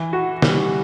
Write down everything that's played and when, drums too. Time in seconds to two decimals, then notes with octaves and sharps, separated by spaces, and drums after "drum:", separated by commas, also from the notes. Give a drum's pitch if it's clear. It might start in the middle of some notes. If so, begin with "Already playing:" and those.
Already playing: E3
0.13 F#4
0.42 G3, drum: snare